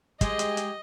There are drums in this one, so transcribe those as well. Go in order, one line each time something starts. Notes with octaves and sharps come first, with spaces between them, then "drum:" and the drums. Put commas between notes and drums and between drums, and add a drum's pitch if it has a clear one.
G#3 G4 G#4 D#5, drum: kick, hi-hat
drum: hi-hat
drum: hi-hat